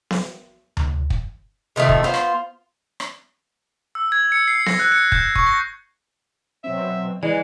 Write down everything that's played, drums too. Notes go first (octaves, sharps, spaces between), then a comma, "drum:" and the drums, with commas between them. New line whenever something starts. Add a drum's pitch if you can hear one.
drum: snare B3
drum: tom D2
drum: kick
C3 D#3 F3 A3
drum: kick
B3 F4 C5
drum: rim click
drum: rim click
E6
G#6
C#7
C7
A#6, drum: snare B3
F#6
C#7
G6, drum: kick
C#6, drum: kick
A#6
B2 F#3 C4 E5
E3 G#3 D5